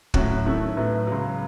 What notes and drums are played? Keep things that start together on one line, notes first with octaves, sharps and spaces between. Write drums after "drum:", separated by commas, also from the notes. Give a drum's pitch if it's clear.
A2 F#3 C#4 F#4, drum: kick
D#3 F#3 A3 C#4 E4
A2 F#3 B3
C#2 C#3 F#3